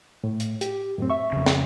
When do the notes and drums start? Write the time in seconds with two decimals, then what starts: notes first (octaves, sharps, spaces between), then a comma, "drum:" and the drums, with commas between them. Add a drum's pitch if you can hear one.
0.24 A2
0.40 drum: hi-hat
0.61 G4, drum: hi-hat
0.98 F#2 A2 C4
1.10 E5 C#6
1.33 F2 C#3
1.46 drum: snare